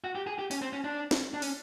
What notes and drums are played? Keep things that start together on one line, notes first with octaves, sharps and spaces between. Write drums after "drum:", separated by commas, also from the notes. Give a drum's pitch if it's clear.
F#4
G4
G#4
G4
C#4, drum: open hi-hat
C4
C#4
D4
drum: snare
D4
C#4, drum: open hi-hat